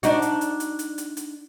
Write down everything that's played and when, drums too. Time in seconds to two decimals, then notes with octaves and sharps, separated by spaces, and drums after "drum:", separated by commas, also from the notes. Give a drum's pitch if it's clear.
0.03 D4 D#4 F#4, drum: hi-hat
0.22 drum: hi-hat
0.41 drum: hi-hat
0.60 drum: hi-hat
0.79 drum: hi-hat
0.98 drum: hi-hat
1.17 drum: hi-hat